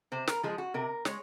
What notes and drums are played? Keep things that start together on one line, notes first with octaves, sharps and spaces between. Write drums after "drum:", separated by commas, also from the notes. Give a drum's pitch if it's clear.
C3 C5
A#4, drum: snare
F3 G#3 G#4
F#4
C3 A#4
G#3 C#5, drum: snare